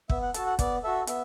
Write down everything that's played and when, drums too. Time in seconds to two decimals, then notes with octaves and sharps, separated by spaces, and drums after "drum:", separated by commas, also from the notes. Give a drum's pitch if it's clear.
0.09 B3 E5, drum: kick
0.22 F#5
0.34 F#4 A4 A5, drum: hi-hat
0.46 F#5
0.59 B3 D5, drum: kick, hi-hat
0.84 F#4 A4 E5
1.07 B3 E5, drum: hi-hat